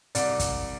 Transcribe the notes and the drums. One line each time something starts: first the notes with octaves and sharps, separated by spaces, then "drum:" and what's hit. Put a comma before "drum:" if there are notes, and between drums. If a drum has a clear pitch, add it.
C2 D5, drum: hi-hat
drum: kick, hi-hat